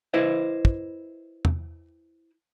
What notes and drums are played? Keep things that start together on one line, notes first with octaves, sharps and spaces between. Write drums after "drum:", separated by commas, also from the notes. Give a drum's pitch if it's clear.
E4 B4 C5 D#5
drum: kick
drum: tom E2